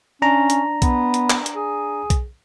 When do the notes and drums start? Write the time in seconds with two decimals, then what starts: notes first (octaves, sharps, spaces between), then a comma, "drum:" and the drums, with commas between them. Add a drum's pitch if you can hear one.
0.22 C#4 D4 A#5
0.50 drum: hi-hat
0.82 B3, drum: kick B1, hi-hat
1.14 drum: hi-hat
1.30 drum: clap
1.46 drum: hi-hat
1.55 G#4
2.10 drum: kick B1, hi-hat